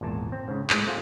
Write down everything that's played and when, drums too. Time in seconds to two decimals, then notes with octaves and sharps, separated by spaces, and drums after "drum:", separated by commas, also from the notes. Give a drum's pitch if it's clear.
0.01 G#1 E2 A#2 A5
0.32 C4
0.48 G#2 C#3
0.70 A2 G#3, drum: clap
0.87 A3 C4 F4 F#4 G#4 F5